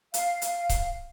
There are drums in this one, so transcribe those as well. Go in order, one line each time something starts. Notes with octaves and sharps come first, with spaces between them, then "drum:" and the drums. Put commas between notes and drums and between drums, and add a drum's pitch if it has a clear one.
F5, drum: hi-hat
drum: hi-hat
drum: kick C#1, hi-hat